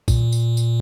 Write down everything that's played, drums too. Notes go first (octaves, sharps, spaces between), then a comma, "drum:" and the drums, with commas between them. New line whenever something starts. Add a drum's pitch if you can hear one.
A#2, drum: kick, tambourine
drum: tambourine
drum: tambourine